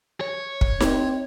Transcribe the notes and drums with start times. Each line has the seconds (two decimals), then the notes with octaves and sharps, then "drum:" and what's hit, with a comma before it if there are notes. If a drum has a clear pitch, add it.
0.21 C#5
0.61 drum: kick
0.80 C4, drum: snare D#4